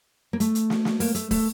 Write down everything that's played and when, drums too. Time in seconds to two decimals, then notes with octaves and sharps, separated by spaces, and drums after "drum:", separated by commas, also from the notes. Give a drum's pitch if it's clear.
0.33 A#3
0.40 A3, drum: hi-hat
0.55 drum: hi-hat
0.70 drum: snare
0.85 drum: snare
1.00 A#3, drum: open hi-hat
1.15 A3, drum: hi-hat
1.31 A3, drum: kick, open hi-hat